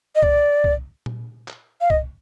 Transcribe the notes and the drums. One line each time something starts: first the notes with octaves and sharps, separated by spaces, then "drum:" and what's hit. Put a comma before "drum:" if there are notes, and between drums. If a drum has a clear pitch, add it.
D#5
D5, drum: kick C2
drum: kick C2
drum: tom A#2
drum: clap
F5
D#5, drum: kick C2